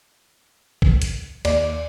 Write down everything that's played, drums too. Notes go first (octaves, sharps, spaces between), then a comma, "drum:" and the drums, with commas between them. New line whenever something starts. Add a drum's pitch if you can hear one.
drum: kick
drum: hi-hat
D#2 D5, drum: cymbal